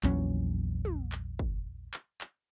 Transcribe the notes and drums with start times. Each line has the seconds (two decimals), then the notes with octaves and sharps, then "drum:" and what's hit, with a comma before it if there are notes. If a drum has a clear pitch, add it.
0.03 A#1 E2 F#3 C#4, drum: clap
0.85 drum: tom
1.12 drum: clap
1.39 drum: kick
1.94 drum: clap
2.21 drum: clap